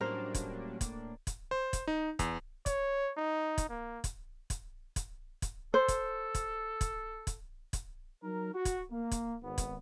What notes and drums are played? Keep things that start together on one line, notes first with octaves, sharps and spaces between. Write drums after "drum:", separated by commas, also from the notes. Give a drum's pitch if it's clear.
A2 F#3 G3 A#3 C#4 D4 A#4 C5
drum: kick, hi-hat
drum: kick, hi-hat
drum: kick, hi-hat
C5
drum: kick, hi-hat
D#4
E2, drum: kick, hi-hat
C#5, drum: kick, hi-hat
D#4
drum: kick, hi-hat
A#3
drum: kick, hi-hat
drum: kick, hi-hat
drum: kick, hi-hat
drum: kick, hi-hat
A4 C5
drum: kick, hi-hat
drum: kick, hi-hat
drum: kick, hi-hat
drum: kick, hi-hat
drum: kick, hi-hat
F#3 D#4 A#4
F#4
drum: kick, hi-hat
A#3
drum: kick, hi-hat
G#1 B3
drum: kick, hi-hat